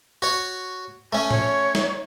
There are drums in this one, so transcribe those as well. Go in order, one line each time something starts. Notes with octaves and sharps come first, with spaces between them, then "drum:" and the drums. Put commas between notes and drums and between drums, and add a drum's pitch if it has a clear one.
F#4 C#5
A3 C#4 G#5
C#5, drum: tom A2
drum: snare